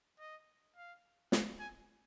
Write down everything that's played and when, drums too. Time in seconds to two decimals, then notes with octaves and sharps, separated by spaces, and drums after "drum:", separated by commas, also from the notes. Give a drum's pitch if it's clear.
0.20 D#5
0.76 F5
1.32 F#5, drum: snare
1.60 G#5